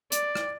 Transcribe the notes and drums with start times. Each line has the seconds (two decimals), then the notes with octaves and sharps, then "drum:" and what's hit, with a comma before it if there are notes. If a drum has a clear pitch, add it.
0.12 D5, drum: hi-hat
0.35 drum: rim click